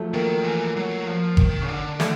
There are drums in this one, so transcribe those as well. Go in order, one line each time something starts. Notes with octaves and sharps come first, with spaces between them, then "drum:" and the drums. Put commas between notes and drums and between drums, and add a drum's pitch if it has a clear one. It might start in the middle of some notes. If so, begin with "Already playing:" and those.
Already playing: F3 F#3 A3
D#3 A#3
E3
F#3
F3
D#3, drum: kick G1
C#3
D3
A3, drum: snare